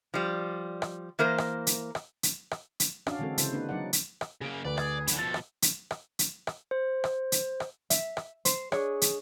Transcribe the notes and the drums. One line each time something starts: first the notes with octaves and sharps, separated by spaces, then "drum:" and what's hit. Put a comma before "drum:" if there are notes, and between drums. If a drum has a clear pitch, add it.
F3 G3
drum: rim click
E3 A#3 A#4 C5
drum: rim click
drum: hi-hat
drum: rim click
drum: hi-hat
drum: rim click
drum: hi-hat
C#4 D4 F#4 D5 F5, drum: rim click
D3 E3 G#3 C4 F#4 A4
C#3 E4 C5, drum: hi-hat
A#3 D4 D#4 B4
F#3 D#4 F#4 D5 F#5
drum: hi-hat
drum: rim click
C#3 A#3 G#4 D7
D2 B4 D5
G#4 D5, drum: rim click
D3 E3, drum: hi-hat
B2 F3 A4 A6
drum: rim click
drum: hi-hat
drum: rim click
drum: hi-hat
drum: rim click
C5
drum: rim click
drum: hi-hat
drum: rim click
E5, drum: hi-hat
drum: rim click
C5, drum: hi-hat
D4 G#4 C#5 D#5, drum: rim click
drum: hi-hat